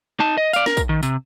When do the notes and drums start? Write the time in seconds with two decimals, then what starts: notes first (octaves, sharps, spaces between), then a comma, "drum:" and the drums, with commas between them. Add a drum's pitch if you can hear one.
0.20 D#4 A5
0.38 D#5
0.53 D5 F5, drum: tambourine
0.66 A#4, drum: snare
0.77 drum: kick, tambourine
0.89 D#3
1.03 C3, drum: tambourine